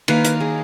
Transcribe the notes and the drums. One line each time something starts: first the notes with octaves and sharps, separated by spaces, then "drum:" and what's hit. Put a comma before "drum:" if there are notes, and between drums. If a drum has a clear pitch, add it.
D#3 A#3 B4, drum: cymbal
A#4, drum: hi-hat
G#4